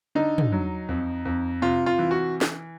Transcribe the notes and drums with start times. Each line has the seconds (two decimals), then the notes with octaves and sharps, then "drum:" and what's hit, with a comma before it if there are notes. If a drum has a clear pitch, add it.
0.15 D3 D#4
0.38 drum: tom
0.52 F#3
0.89 F2
1.25 F2
1.62 C3 F4
1.86 F4
1.99 E3
2.11 F#4
2.41 drum: snare